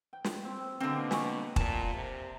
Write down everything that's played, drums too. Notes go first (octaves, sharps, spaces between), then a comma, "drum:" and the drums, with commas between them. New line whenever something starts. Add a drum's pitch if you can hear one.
G5
drum: snare
C4
B2 D3 A#3 C4
G#5 C#6, drum: snare
A#2 A5, drum: kick
C3